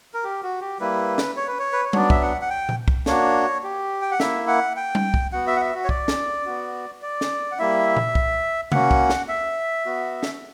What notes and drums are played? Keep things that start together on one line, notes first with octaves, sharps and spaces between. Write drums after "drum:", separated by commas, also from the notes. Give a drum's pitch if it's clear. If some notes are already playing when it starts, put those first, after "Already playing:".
A#4
G4
F#4
G4
G3 A#3 E4 B4
drum: snare
C#5
B4
C#5
B4
C#5
F#3 B3 D4 D5, drum: tom G3
E5, drum: kick
F#5
F#5
G5
drum: tom A#2
drum: kick
A#3 D4 F#4 C#5, drum: snare
G4
G5
F#5
A#3 E4 E5, drum: snare
F#5
G5
drum: tom G3
drum: kick
B3 F#4 F#5
E5
F#5
E5
F#4
C#5
D5, drum: kick
drum: snare
B3 F#4
D5
drum: snare
F#5
G3 A#3 E4 E5
drum: tom A#2
drum: kick
A#3 C#4 F#4 F#5, drum: tom C3
drum: kick
drum: snare
E5
B3 F#4
drum: snare